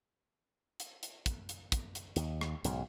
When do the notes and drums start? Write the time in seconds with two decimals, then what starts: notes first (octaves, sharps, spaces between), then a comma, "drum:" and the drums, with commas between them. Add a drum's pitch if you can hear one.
0.80 drum: hi-hat
1.03 drum: hi-hat
1.26 drum: kick, hi-hat
1.49 drum: hi-hat
1.72 drum: kick, hi-hat
1.95 drum: hi-hat
2.16 D#2, drum: hi-hat
2.41 drum: rim click
2.64 B1 G#2 C#3, drum: hi-hat